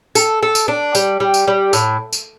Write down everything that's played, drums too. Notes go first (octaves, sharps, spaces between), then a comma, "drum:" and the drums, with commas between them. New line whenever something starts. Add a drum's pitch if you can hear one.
A4, drum: tambourine
A4
drum: tambourine
D4
G3, drum: tambourine
G3
drum: tambourine
G3
A2, drum: tambourine
drum: tambourine